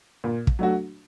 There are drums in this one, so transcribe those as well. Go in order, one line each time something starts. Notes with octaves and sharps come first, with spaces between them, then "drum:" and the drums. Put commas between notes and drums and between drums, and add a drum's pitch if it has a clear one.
A#2
drum: kick
F#3 A3 D4 F#4